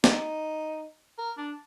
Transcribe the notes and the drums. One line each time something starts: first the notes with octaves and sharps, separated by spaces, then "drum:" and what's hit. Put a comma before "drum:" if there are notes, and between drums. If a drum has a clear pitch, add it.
D#4, drum: snare
A#4
D4